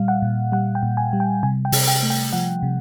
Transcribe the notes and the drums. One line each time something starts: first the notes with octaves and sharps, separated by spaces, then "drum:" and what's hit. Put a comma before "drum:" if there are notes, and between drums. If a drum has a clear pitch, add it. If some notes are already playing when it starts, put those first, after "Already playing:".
Already playing: A#2 G3 F5
F#5
A#2
G3 F#5
G5
A#2
G#5
G3
G5
C3 G#5
G5
C3, drum: open hi-hat
G5
A3
G5
F3 F#5
C3